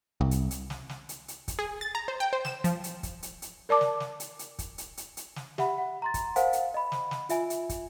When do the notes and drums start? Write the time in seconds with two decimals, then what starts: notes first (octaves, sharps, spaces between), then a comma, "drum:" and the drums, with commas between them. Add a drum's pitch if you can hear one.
0.21 C2
0.31 drum: hi-hat
0.51 drum: hi-hat
0.70 drum: snare
0.89 drum: snare
1.09 drum: hi-hat
1.28 drum: hi-hat
1.48 drum: kick, hi-hat
1.59 G#4
1.81 A6
1.95 A#5
2.08 C5
2.20 G5
2.33 C5
2.45 E7, drum: snare
2.64 F3, drum: hi-hat
2.84 drum: hi-hat
3.03 drum: kick, hi-hat
3.23 drum: hi-hat
3.42 drum: hi-hat
3.69 A#4 D5 A5 D6
3.81 drum: snare
4.00 drum: snare
4.20 drum: hi-hat
4.39 drum: hi-hat
4.59 drum: kick, hi-hat
4.78 drum: hi-hat
4.97 drum: hi-hat
5.17 drum: hi-hat
5.36 drum: snare
5.58 G4 E5 F#5 B5, drum: snare
5.78 F#5
6.02 A#5 C6 A6
6.14 drum: kick, hi-hat
6.36 A#4 C5 F5 F#5 G#5, drum: hi-hat
6.53 drum: hi-hat
6.74 D#5 B5
6.92 drum: snare
7.11 drum: snare
7.29 F4 E5 G#5, drum: hi-hat
7.50 drum: hi-hat
7.69 drum: kick, hi-hat